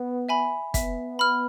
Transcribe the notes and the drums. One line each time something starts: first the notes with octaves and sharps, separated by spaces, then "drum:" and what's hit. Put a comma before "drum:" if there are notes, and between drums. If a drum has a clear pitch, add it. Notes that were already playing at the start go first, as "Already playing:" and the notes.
Already playing: B3
E5 G#5 B5
B3 E5, drum: kick, hi-hat
B5 F6